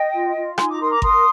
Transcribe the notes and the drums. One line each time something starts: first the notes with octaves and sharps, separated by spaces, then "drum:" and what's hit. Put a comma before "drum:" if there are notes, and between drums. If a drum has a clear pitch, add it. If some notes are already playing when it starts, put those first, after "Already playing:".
Already playing: D#5 G5
F4
F4
D#4 G#5 C6, drum: rim click
A#5 D6
A#4 C6 D#6
A#5 D6
A#4 C6 D#6, drum: kick G#1